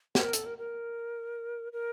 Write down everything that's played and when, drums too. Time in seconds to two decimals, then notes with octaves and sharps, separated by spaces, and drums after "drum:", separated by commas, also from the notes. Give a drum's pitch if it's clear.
0.15 A4, drum: snare
0.21 A#4
0.33 A4, drum: hi-hat
0.46 A#4
0.58 A#4
1.73 A#4